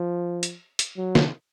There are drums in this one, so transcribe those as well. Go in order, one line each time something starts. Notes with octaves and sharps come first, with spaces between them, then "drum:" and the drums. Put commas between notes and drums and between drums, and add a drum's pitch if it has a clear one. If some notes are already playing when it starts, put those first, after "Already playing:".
Already playing: F3
drum: hi-hat
drum: hi-hat
F#3
drum: snare